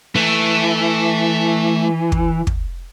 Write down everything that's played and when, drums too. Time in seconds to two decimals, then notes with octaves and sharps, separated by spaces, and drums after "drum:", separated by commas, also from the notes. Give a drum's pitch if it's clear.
0.15 E3 A3
2.12 drum: kick
2.47 drum: kick